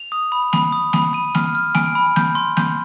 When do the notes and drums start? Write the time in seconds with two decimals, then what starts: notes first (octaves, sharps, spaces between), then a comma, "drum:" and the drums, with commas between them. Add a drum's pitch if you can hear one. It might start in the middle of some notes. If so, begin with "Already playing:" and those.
Already playing: F7
0.12 D#6
0.32 B5
0.53 B5, drum: snare
0.72 D#6
0.93 B5, drum: snare
1.13 B5 D#7
1.35 F6, drum: snare
1.55 F6
1.75 G#5 D7, drum: snare
1.95 B5
2.16 G6, drum: snare
2.35 C6
2.57 G6, drum: snare